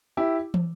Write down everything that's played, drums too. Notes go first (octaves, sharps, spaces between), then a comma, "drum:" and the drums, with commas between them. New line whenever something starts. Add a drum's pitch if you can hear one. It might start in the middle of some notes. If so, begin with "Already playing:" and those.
E4 G4
drum: tom